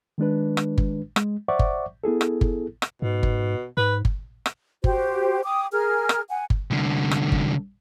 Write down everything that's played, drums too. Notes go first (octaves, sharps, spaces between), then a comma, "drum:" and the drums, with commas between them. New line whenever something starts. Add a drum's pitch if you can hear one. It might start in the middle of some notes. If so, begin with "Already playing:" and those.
D#3 G#3 D4 B4
drum: rim click
drum: kick G1
G#3, drum: rim click
C5 D5 E5 F#5 C#6 D6
drum: kick G1
B3 E4 G#4 A4
drum: rim click
drum: kick G1
drum: rim click
G#2 B2
drum: kick G1
G#2 B4
drum: kick G1
drum: rim click
F#4 G4 C5, drum: kick G1
G5 D6 D#6
G#4 A#4 F6
drum: rim click
F#5 G#5
drum: kick G1
C2 D3
drum: rim click
drum: kick G1